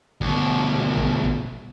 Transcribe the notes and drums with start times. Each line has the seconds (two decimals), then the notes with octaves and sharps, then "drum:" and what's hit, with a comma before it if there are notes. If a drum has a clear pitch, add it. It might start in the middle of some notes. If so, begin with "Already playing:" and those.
0.21 D2 B2, drum: kick
0.97 drum: kick
1.24 drum: kick